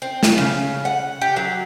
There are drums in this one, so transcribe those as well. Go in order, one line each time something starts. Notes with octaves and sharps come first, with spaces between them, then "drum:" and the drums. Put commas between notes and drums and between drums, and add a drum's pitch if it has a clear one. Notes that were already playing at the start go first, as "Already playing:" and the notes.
C4
drum: snare
C#3
F#5
G4
F#3